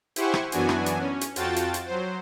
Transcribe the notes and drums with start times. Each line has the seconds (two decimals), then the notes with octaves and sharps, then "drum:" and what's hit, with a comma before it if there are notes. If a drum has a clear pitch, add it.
0.16 E4 G4 C5 F#5 G#5 C#6, drum: hi-hat
0.34 drum: rim click
0.52 F#2 E3 B3 D4 F#4 G#5, drum: hi-hat
0.69 drum: rim click
0.86 drum: hi-hat
1.00 C#4
1.21 drum: hi-hat
1.36 F2 F4 F#4 G5 A5 A6, drum: hi-hat
1.56 drum: hi-hat
1.74 drum: hi-hat
1.86 F#3 C5